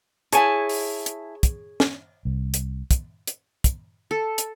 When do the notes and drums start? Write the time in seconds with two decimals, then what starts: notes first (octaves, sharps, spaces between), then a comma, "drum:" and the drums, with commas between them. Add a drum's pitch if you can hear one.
0.33 E4 G#4 C#5 G#5 A5, drum: hi-hat
0.69 drum: open hi-hat
1.06 drum: hi-hat
1.43 drum: kick, hi-hat
1.80 drum: snare
2.25 C2
2.54 drum: hi-hat
2.91 drum: kick, hi-hat
3.27 drum: hi-hat
3.64 drum: kick, hi-hat
4.11 A4
4.38 drum: hi-hat